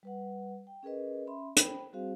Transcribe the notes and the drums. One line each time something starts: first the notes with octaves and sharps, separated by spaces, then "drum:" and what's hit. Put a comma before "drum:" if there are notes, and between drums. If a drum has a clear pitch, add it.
G3 B4 F#5
G5
C#4 G#4 A#4 B4 D#5
C#4 E5 B5 C6
C5 G5 B5, drum: hi-hat
G3 C4 F#4 G#4 C5 F5